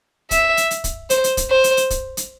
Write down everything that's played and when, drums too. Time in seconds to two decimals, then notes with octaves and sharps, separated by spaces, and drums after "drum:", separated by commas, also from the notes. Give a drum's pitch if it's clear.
0.31 E5, drum: kick, hi-hat
0.57 drum: hi-hat
0.71 drum: hi-hat
0.84 drum: kick, hi-hat
1.10 C5, drum: hi-hat
1.24 drum: hi-hat
1.37 drum: kick, hi-hat
1.50 C5
1.64 drum: hi-hat
1.77 drum: hi-hat
1.90 drum: kick, hi-hat
2.17 drum: hi-hat